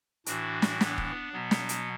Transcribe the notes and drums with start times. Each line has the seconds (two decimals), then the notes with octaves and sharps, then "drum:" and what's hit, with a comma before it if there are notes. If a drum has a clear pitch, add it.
0.26 A2 E3 D4 F#4, drum: hi-hat
0.62 drum: snare
0.81 B3 D4, drum: snare
0.98 drum: kick
1.33 B2 F#3 B3
1.51 drum: snare
1.69 drum: hi-hat